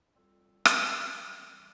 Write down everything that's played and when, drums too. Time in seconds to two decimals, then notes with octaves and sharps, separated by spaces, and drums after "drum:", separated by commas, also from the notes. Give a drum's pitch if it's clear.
0.15 G3 C4 F4 A4
0.65 drum: rim click
1.16 E3 G3 C4